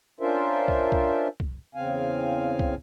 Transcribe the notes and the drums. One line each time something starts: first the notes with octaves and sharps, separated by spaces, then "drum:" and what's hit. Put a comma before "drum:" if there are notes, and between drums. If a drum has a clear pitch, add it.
C#4 D4 F4 A#4 C5 E5
drum: kick C2
drum: kick C2
drum: kick C2
E2 C#3 C4 F5 G#5
drum: kick C2